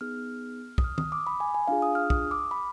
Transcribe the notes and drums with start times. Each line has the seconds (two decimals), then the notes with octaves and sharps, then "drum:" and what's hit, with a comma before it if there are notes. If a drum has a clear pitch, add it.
0.01 B3 D#4 G#4 F6
0.78 D#6, drum: kick
0.84 F6
0.98 D#6, drum: tom D#3
1.12 D6
1.27 B5
1.40 G#5
1.55 G#5
1.68 D4 F4 G#4 F5
1.82 D#6
1.95 F6
2.10 D#6, drum: kick
2.31 D6
2.51 B5